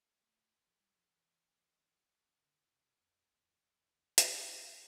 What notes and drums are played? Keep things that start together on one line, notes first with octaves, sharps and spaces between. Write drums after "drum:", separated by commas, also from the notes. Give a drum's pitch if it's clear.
A3
F3
G3
F3
E3
C3
D3
C3
F2
E2
F2
E2
F2
E2
E2
F2, drum: hi-hat
F2